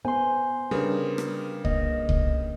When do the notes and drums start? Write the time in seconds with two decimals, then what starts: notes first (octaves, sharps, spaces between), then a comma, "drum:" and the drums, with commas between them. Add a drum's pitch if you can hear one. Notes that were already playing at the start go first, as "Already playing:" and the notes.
0.05 B3 C5 G#5 C6
0.71 C#3 G3 D4 G#4 A#4 B4
1.18 drum: rim click
1.65 A#3 D#5, drum: kick C2
2.09 drum: kick C2